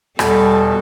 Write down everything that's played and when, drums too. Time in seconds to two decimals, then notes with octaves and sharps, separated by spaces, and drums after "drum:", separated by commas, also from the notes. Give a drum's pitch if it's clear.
0.19 E2 B2 G3 A4, drum: rim click